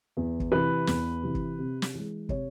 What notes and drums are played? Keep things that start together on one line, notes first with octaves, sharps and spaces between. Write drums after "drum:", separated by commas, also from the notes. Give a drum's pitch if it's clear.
E2
drum: kick
C3 E3 B4
E2, drum: snare
C3 E3
drum: kick
C3
drum: snare
E3 G#3
C3 C#5, drum: kick